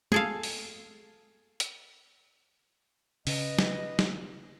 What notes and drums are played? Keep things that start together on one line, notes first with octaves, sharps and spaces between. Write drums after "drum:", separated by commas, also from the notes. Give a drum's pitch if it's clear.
G#4 A4 F5, drum: tom
drum: open hi-hat
drum: hi-hat
C#3 B4 D#5, drum: open hi-hat
drum: snare
drum: snare